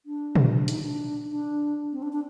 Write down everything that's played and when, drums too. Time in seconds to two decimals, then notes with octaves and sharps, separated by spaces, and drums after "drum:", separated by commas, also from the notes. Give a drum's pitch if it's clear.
0.06 D4
0.35 drum: tom
0.68 D#4, drum: hi-hat
0.83 D4
1.30 D4
1.92 C4
2.02 D4
2.13 D4